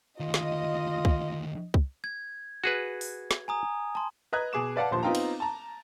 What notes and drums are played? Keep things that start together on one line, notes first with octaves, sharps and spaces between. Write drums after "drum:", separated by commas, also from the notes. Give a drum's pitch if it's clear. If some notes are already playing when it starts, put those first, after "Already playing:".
D2 D#3 F4 D#5
drum: snare
drum: kick C2
drum: kick C2
G#6
F#4 G#4 B4
drum: open hi-hat
drum: snare
G#5 A#5 D#6
A5 C6
B4 D#5 A#5 F#6 G#6
B2 G#4 D6 E7
B4 D5 F5 F#5 A5
D#1 A#1 F3 C5 A5 C6
B3 C4 D#4 F4 G5 A#5
drum: cymbal
A5 A#5